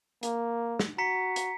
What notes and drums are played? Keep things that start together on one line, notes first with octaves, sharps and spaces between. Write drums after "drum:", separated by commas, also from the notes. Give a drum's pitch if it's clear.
A#3, drum: hi-hat
drum: snare
F#4 A#5 B6 C#7
drum: hi-hat